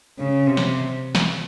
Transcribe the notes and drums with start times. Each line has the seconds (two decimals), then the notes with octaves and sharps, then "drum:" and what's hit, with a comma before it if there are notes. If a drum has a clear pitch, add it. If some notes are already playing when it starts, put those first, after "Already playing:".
0.18 C#3
0.47 C3
0.57 drum: snare
1.15 drum: snare